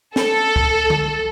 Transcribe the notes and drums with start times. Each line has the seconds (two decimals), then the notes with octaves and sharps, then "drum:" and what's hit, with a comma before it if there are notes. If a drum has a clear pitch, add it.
0.16 A4, drum: snare
0.56 drum: kick C#2
0.90 drum: tom D3